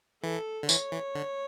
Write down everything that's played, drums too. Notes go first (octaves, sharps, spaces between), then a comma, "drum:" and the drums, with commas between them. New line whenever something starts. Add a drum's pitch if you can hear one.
E3 A4
D3
E3 C#5, drum: tambourine
E3
D3